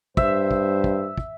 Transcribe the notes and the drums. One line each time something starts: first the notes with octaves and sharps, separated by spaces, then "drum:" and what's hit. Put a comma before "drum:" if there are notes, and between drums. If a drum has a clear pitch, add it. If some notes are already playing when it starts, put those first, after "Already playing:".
G2 C5 E5, drum: kick
drum: kick
drum: kick
drum: kick